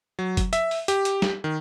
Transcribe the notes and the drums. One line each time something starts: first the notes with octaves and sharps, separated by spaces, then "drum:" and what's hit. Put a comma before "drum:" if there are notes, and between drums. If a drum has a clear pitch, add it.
F#3
drum: kick F#1, hi-hat
E5, drum: hi-hat
drum: open hi-hat
G4, drum: hi-hat
drum: hi-hat
drum: snare
D#3